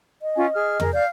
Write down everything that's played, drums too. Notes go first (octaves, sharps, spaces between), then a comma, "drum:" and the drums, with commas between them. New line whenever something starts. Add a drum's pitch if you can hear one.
D#5
C#4 F4 G#5
G#4 F6
G#4 A#4, drum: tom
D5 F5 G6